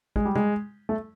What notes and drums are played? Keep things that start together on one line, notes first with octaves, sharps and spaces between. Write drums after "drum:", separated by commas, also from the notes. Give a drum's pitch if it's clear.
G#3, drum: kick
G3
G#3, drum: tom C3
A3